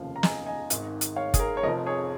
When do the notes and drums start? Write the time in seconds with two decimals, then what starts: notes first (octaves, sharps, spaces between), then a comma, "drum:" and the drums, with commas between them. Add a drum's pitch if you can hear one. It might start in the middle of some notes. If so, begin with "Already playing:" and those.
Already playing: F1 D#2 C#3 F3 F5
0.16 A#5
0.23 D#5 G#5, drum: snare
0.46 D#5 G#5
0.70 G#1 G#2 D#3, drum: hi-hat
1.01 drum: hi-hat
1.16 C#5 F5
1.34 G#4, drum: kick, hi-hat
1.39 A#4
1.57 C#5
1.63 F1 F2 F3 A#4 D#5
1.86 G#4 C#5